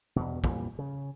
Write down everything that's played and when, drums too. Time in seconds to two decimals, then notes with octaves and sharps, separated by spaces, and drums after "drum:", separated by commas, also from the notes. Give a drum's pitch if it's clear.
0.16 E2 G2 B2
0.44 F2 A#2 E3 G3, drum: kick
0.79 C#3